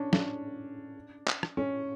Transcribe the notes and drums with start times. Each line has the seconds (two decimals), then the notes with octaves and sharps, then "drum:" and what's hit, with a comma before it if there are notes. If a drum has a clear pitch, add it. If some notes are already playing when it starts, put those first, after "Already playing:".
Already playing: C#4 D4
0.13 D4, drum: snare
1.27 drum: clap
1.43 drum: rim click
1.57 C#4